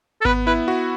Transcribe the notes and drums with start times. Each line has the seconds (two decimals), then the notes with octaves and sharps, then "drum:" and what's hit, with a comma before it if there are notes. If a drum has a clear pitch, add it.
0.22 A4
0.25 B3 B4, drum: kick G#1
0.46 E4 B4
0.68 F#4